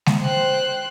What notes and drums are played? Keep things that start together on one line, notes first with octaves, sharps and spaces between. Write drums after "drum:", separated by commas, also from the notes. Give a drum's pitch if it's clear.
drum: snare G#3
C5 G5 C6 F#6